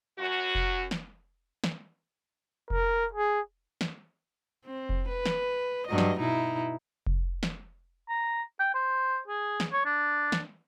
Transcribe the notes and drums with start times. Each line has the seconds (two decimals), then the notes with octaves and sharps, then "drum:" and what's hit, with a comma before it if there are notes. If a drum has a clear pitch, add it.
0.19 F#2 F#4
0.55 drum: kick F1
0.91 drum: snare
1.64 drum: snare
2.70 A#4, drum: kick F1
3.13 G#4
3.81 drum: snare
4.65 C4
4.89 drum: kick F1
5.08 B4
5.26 drum: snare
5.87 G2 F#3 D#5
5.98 drum: snare
6.19 B2 D#4 E4
7.07 drum: kick F1
7.43 drum: snare
8.09 A#5
8.60 G5
8.75 C5
9.28 G#4
9.60 drum: snare
9.73 C#5
9.85 D4
10.32 drum: snare